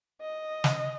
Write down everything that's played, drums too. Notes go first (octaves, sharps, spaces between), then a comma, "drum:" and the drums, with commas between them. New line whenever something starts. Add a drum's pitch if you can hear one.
D#5
drum: snare